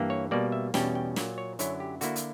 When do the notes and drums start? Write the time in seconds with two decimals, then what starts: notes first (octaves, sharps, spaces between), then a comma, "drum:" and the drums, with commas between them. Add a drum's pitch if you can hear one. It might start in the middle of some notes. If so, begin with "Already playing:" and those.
Already playing: G2 E3 A#3
0.10 C#5
0.31 B2 G3 A#3 D5
0.52 E5
0.74 E2 B2 G3 C#4 G5, drum: snare
0.95 G5
1.16 A#2 F#3 A#3 D5, drum: snare
1.38 C#5
1.59 F#2 D3 F#3 C#4 E4 C#5, drum: hi-hat
1.80 G4
2.01 D3 A#3 E4 F#4, drum: hi-hat
2.16 drum: hi-hat